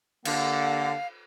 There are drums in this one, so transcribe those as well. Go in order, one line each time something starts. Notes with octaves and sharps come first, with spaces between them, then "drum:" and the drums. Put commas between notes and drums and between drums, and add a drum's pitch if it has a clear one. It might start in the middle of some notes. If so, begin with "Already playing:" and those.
D3 A#3 G4 F5 F#5, drum: cymbal